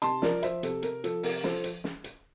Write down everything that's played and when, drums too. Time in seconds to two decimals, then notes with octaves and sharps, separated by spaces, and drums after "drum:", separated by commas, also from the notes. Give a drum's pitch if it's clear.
0.02 C3 A5 C6, drum: hi-hat
0.22 F3 A#4 D5, drum: snare
0.43 F3 C5 E5, drum: hi-hat
0.63 C3 A4, drum: hi-hat
0.83 C3 A#4, drum: hi-hat
1.04 F3 A4, drum: hi-hat
1.23 C3 A#4, drum: open hi-hat
1.44 F3 A4 C5, drum: snare
1.64 drum: hi-hat
1.84 drum: snare
2.04 drum: hi-hat